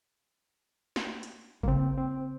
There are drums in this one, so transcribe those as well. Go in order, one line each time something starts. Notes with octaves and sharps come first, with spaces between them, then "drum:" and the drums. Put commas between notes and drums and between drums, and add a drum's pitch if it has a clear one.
drum: snare
drum: hi-hat
C#3 A#3 C4 E4, drum: kick G#1
C4